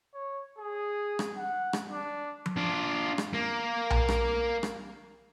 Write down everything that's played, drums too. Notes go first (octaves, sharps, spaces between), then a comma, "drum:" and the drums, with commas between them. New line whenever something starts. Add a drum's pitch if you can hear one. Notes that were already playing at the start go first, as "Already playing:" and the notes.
C#5
G#4
drum: rim click
F#5
drum: rim click
D4
drum: tom F3
D4 F4
drum: rim click
A#3
drum: tom B1
drum: rim click
drum: rim click